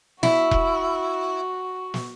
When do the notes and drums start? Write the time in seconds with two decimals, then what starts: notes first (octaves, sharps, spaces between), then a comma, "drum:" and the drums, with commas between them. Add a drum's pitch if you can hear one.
0.23 E4 F#4, drum: snare
0.51 drum: kick E1
1.94 drum: snare